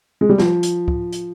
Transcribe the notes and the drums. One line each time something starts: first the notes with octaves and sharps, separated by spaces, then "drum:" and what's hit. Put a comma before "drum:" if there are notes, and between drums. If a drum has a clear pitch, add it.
G#3
G3
F3, drum: snare
drum: hi-hat
drum: kick
drum: hi-hat